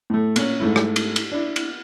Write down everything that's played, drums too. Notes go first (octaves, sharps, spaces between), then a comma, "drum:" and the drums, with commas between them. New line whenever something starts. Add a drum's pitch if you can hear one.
A2 A3
A#2 C#4, drum: cymbal
G#2 A3 E4
drum: rim click
drum: cymbal
drum: cymbal
D4 E4
drum: cymbal